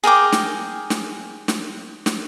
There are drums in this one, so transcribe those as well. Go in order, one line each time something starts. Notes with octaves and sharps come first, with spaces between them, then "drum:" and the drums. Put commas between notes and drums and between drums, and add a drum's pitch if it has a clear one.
G#4 A#4 G5 D6
drum: snare
drum: snare
drum: snare
drum: snare